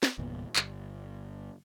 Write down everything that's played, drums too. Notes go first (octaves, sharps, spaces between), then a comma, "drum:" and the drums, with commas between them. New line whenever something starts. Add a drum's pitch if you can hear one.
drum: snare
G1 E2 A#2 B3
G1, drum: clap